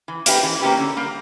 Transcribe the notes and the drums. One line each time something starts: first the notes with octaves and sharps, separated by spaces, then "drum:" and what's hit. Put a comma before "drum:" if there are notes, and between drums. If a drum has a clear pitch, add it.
E3
A#3 C#4 G4 B4, drum: hi-hat
E3
A#3 C#4 G4 B4
D3
G3 A#3